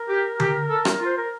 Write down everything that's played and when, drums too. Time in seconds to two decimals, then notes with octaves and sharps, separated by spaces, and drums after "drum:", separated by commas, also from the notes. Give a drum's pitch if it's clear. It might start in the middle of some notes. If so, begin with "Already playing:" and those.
Already playing: A#4
0.09 G4
0.40 G4, drum: tom D3
0.70 A4
0.85 drum: rim click
1.00 F4
1.05 C5
1.18 A#4